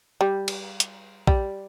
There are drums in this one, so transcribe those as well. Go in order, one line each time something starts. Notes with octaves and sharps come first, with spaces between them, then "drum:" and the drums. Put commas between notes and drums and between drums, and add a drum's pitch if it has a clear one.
G3
drum: cymbal
drum: hi-hat
G3, drum: kick A#1